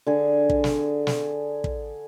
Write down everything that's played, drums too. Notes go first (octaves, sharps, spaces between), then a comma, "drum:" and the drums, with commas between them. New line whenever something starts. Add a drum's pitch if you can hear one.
D3 G#4
drum: kick
drum: snare
drum: snare
drum: kick